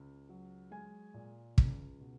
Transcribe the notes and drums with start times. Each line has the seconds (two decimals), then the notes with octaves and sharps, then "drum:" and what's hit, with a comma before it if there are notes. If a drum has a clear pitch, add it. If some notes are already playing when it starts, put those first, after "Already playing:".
Already playing: C#2
0.29 F#3
0.71 G#3 G#5
1.14 A#2
1.58 C#2, drum: kick
2.00 B2